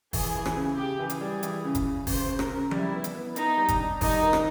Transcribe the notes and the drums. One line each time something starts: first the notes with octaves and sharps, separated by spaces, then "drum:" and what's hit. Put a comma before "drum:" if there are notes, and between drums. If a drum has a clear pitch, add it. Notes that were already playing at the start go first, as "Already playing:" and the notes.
E3 G#4, drum: kick, open hi-hat
E3
drum: rim click
C#3
C#3 G4
E3
G#4, drum: hi-hat
G3
E3, drum: hi-hat
C#3
drum: kick, hi-hat
C#3
C#3 C5, drum: kick, open hi-hat
C#3
A#4, drum: rim click
C#3
G3 E4, drum: tom F3
B3
drum: hi-hat
B3
B3 D#4, drum: hi-hat
G3
drum: kick, hi-hat
D4
G3 D#4, drum: kick, open hi-hat
D#3
drum: rim click